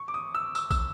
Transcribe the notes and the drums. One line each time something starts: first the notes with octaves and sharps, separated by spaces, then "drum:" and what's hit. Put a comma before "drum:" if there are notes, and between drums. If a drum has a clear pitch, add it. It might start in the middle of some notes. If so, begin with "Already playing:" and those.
Already playing: C#6
D6
D#6
E6
E6, drum: tambourine
E6, drum: kick, tambourine